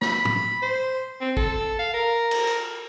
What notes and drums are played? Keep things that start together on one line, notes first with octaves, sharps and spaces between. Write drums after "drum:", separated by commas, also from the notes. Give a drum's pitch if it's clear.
B5, drum: snare
drum: tom
C5
C4
A4, drum: kick
F5
A#4
drum: cymbal
drum: hi-hat